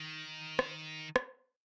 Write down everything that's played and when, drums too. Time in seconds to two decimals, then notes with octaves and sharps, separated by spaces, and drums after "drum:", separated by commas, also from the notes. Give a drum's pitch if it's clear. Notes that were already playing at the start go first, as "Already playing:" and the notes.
Already playing: D#3
0.59 drum: rim click
1.16 drum: rim click